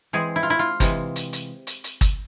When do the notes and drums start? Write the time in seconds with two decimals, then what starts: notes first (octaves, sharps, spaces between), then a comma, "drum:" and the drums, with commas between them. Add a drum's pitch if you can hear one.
0.13 E3 G#3 C4 G#4
0.36 E4
0.43 F4
0.50 E4
0.59 F4
0.80 C3 E3 G#3, drum: kick, hi-hat
1.16 drum: hi-hat
1.33 drum: hi-hat
1.67 drum: hi-hat
1.84 drum: hi-hat
2.01 drum: kick, hi-hat